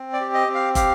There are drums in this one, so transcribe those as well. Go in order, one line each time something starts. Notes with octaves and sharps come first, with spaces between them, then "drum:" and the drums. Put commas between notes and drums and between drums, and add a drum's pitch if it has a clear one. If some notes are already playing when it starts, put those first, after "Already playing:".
Already playing: C4
D5
G4
D#5
C4
F5
G4 F5, drum: kick, hi-hat